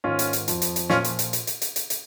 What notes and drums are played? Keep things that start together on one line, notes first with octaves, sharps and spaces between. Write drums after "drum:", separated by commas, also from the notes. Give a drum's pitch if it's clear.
G#2 D#3 C#4 F4
drum: hi-hat
drum: hi-hat
F2 F3, drum: hi-hat
drum: hi-hat
drum: hi-hat
A#2 F3 C#4 F4, drum: snare
drum: hi-hat
drum: hi-hat
drum: hi-hat
drum: hi-hat
drum: hi-hat
drum: hi-hat
drum: hi-hat